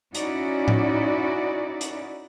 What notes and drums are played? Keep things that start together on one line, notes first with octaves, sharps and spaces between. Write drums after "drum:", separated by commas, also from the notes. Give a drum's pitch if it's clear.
C#4 D#4 E4 F#4 D5, drum: hi-hat
drum: tom A2
drum: hi-hat